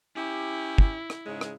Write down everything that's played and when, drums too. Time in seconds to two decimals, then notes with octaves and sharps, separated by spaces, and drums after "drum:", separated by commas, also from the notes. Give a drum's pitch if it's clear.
0.16 C#4 E4 G4
0.78 drum: kick
1.10 drum: rim click
1.26 G#2 C#3 G#3
1.41 drum: rim click